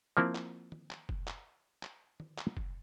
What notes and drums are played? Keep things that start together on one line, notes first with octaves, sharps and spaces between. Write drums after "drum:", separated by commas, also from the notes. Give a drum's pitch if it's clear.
F3 A#3 C4 E4
drum: clap
drum: tom D#3
drum: clap
drum: kick
drum: clap
drum: clap
drum: tom D#3
drum: clap
drum: kick